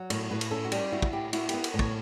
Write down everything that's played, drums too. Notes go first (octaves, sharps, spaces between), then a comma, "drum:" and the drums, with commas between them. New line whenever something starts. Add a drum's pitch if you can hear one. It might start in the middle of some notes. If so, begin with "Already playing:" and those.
Already playing: F#3
A2 C#5, drum: cymbal
A2 B4
drum: cymbal
C#4 A4
F#4
G3 G4, drum: cymbal
E4 F#4
drum: kick
A2 G4
E4 F#4, drum: cymbal
B3 G4, drum: cymbal
drum: cymbal
A2
C#5, drum: kick